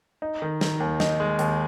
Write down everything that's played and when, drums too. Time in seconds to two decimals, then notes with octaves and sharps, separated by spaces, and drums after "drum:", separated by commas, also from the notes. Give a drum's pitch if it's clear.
0.22 D#4
0.42 D#3
0.61 D#3, drum: snare
0.80 D#2
1.00 D#4, drum: snare
1.20 G#3
1.39 D#2, drum: hi-hat